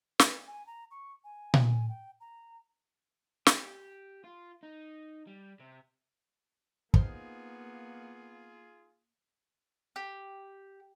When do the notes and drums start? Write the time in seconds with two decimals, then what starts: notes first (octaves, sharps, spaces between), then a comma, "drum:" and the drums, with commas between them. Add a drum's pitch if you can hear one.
0.19 B4, drum: snare
0.47 G#5
0.67 A#5
0.91 C#6
1.24 G#5
1.54 drum: tom A#2
1.89 G5
2.20 A#5
3.46 G4, drum: snare
4.24 F4
4.63 D#4
5.27 G3
5.60 C3
6.94 A#3 B3 D#4 F4 G#4 A#4 C5, drum: kick
9.96 G4